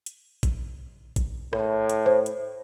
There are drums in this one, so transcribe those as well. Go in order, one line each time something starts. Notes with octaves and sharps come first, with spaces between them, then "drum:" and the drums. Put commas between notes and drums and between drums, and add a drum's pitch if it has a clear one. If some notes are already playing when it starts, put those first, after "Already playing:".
drum: hi-hat
drum: kick, hi-hat
drum: kick, hi-hat
A2, drum: rim click
drum: hi-hat
C5
drum: hi-hat